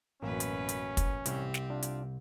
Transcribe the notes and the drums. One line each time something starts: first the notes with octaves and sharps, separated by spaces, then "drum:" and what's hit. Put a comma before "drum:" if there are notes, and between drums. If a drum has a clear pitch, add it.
A1 F#2 B2 A#3 C#4 B4
drum: hi-hat
drum: hi-hat
drum: kick, hi-hat
C2 C4 G4, drum: hi-hat
drum: snare
D4 F4
drum: hi-hat